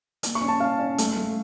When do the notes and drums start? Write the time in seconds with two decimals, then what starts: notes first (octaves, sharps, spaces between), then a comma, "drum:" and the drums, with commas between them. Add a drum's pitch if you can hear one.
0.23 A#3, drum: hi-hat
0.35 C#6
0.41 C#4
0.48 A5
0.60 C#4 F5
0.79 C#4
0.98 A3, drum: hi-hat
1.17 A3